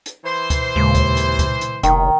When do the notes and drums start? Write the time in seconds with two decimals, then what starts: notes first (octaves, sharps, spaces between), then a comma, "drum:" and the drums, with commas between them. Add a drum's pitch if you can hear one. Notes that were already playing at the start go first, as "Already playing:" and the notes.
0.06 drum: hi-hat
0.25 E3 C5
0.50 drum: kick C#2, hi-hat
0.76 D#2 A#2 C#3 G#3
0.95 drum: kick C#2, hi-hat
1.17 drum: hi-hat
1.39 drum: kick C#2, hi-hat
1.61 drum: hi-hat
1.83 F1 D#3, drum: hi-hat